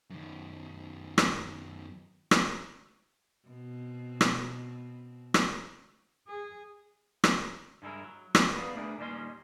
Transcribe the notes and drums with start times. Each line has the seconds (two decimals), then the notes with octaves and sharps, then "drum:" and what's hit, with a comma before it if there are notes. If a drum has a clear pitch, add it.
0.10 F#2 D#3
1.18 drum: rim click
2.31 drum: rim click
3.48 B2 C4
4.21 drum: rim click
5.34 drum: rim click
6.27 G#4
7.24 drum: rim click
7.82 G2 G#3 E4 A#4
8.03 F#3
8.35 E3, drum: rim click
8.56 B3 G#4 D5 F5 B5
8.75 A3 D4 G#4 A#4 B4
8.98 D#2 A#2 G3 C#4 D#5 C6